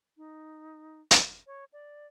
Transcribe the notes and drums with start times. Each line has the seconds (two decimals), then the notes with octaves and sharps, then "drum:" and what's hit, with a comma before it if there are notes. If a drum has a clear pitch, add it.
0.17 D#4
1.11 drum: hi-hat
1.47 C#5
1.73 D5